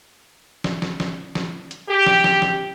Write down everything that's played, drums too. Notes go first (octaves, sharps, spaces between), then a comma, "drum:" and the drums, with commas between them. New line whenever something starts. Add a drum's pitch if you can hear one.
drum: snare
drum: snare
drum: snare
drum: snare
drum: hi-hat
G4
drum: snare
drum: snare
drum: snare